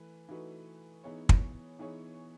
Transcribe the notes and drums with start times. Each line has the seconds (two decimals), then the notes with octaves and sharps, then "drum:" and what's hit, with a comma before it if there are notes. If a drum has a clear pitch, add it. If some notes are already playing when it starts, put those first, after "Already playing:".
Already playing: E3 A3 B4
0.28 E3 A3 D#4 F#4 B4
1.04 E3 B3 D#4 G#4 C#5
1.29 drum: kick
1.79 E3 B3 D#4 G#4 C#5